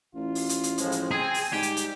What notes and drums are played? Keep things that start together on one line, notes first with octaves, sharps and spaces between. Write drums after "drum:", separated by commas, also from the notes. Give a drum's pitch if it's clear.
A1 F4
drum: open hi-hat
drum: hi-hat
drum: hi-hat
A2 F3 G#3, drum: hi-hat
drum: hi-hat
C4 G#4 G#5
drum: open hi-hat
G#2 G3 G4
drum: hi-hat
drum: hi-hat